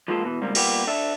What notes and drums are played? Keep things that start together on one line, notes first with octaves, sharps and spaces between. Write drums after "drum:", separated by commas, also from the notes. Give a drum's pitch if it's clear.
F3 G#3 A#3 F4 A4
B2 E3
C#2 C3 G3 A#3
A#2 G3 A#3 B3 G4, drum: cymbal
D4 A4 E5